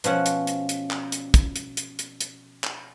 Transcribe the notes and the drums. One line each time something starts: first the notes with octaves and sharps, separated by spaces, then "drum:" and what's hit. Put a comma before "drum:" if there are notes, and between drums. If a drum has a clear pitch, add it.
B2 F3 C#4 F#5, drum: hi-hat
drum: hi-hat
drum: hi-hat
drum: hi-hat
drum: clap
drum: hi-hat
drum: kick, hi-hat
drum: hi-hat
drum: hi-hat
drum: hi-hat
drum: hi-hat
drum: clap